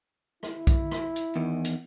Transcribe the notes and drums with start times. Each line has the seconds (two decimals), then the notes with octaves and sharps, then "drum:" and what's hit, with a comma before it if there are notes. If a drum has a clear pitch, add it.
0.43 E4, drum: rim click
0.67 drum: kick B1, hi-hat
0.92 drum: rim click
1.16 drum: hi-hat
1.36 E2 D#3
1.65 drum: hi-hat